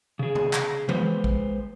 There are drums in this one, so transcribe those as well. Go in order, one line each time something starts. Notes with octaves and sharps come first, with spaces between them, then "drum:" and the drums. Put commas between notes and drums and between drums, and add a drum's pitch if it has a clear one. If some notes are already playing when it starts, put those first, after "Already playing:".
C#3 G#4
drum: tom C3
drum: clap
G#3 B4 C5, drum: tom E3
drum: kick